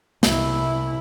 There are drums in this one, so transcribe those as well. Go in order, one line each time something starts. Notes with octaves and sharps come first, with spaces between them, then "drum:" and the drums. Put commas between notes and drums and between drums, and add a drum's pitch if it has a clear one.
C2 E4, drum: snare